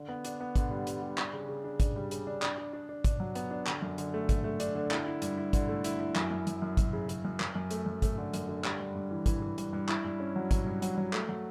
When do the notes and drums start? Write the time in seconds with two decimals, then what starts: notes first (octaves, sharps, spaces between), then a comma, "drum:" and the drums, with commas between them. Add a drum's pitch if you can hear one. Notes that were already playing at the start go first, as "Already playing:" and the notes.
Already playing: D3
0.08 B3
0.25 D4, drum: hi-hat
0.40 B3
0.56 D3, drum: kick, hi-hat
0.71 G3
0.87 G3, drum: hi-hat
1.02 G3
1.18 D4, drum: clap
1.33 C#3
1.49 C#3
1.64 D4
1.80 D4, drum: kick, hi-hat
1.96 G3
2.11 C#3, drum: hi-hat
2.27 D4
2.42 D4, drum: clap
2.58 D4
2.73 D4
2.89 D4
3.04 D4, drum: kick, hi-hat
3.20 F#3
3.35 B3, drum: hi-hat
3.51 D4
3.67 D3, drum: clap
3.82 F#2
3.98 D3, drum: hi-hat
4.14 A3
4.29 A3, drum: kick, hi-hat
4.44 A3
4.60 D4, drum: hi-hat
4.75 D3
4.91 E4, drum: clap
5.06 E4
5.22 G2, drum: hi-hat
5.38 E4
5.53 D3, drum: kick, hi-hat
5.69 A3
5.84 E4, drum: hi-hat
6.00 E4
6.16 F#2, drum: clap
6.31 F#2
6.47 F#2, drum: hi-hat
6.62 F#2
6.77 F#2, drum: kick, hi-hat
6.93 C#3
7.09 C#3, drum: hi-hat
7.25 F#2
7.40 F#2, drum: clap
7.55 F#2
7.71 A3, drum: hi-hat
7.86 F#2
8.02 A3, drum: kick, hi-hat
8.18 D3
8.34 F#2, drum: hi-hat
8.49 D3
8.64 G3, drum: clap
8.80 G2
8.95 G2
9.11 E3
9.26 E3, drum: kick, hi-hat
9.42 E3
9.58 G2, drum: hi-hat
9.73 G2
9.89 E4, drum: clap
10.04 G2
10.20 C#4
10.36 F#3
10.51 F#3, drum: kick, hi-hat
10.66 G2
10.82 F#3, drum: hi-hat
10.98 F#3
11.13 A3, drum: clap
11.29 F#3